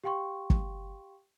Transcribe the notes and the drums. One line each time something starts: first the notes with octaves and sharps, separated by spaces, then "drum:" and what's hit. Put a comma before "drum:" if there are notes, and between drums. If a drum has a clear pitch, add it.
G4 F5 G5 C6 C#6
drum: kick